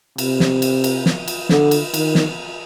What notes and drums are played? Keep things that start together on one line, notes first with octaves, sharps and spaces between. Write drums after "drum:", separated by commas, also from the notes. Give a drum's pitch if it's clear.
C3, drum: cymbal
drum: snare
drum: cymbal
drum: cymbal
drum: snare
drum: cymbal
D3, drum: snare
drum: cymbal
D#3, drum: cymbal
drum: snare